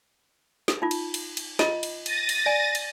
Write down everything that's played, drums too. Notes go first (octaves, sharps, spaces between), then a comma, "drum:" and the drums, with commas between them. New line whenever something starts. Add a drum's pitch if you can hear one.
drum: snare
D#4 F4
drum: cymbal
drum: cymbal
drum: cymbal
F4 D#5 A#5, drum: snare
drum: cymbal
A6 A#6 D#7, drum: cymbal
drum: cymbal
D5 G#5
drum: cymbal